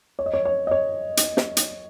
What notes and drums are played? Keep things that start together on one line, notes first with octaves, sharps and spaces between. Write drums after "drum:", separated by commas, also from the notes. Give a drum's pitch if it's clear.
C#5
D#5
C#5
C#5
D#5
C#5
drum: hi-hat
drum: snare
drum: hi-hat